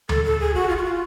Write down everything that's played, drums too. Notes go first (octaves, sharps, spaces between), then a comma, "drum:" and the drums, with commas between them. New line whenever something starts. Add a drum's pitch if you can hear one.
A4, drum: tom D2
A4
G#4
F#4, drum: kick
F4
F#4
F4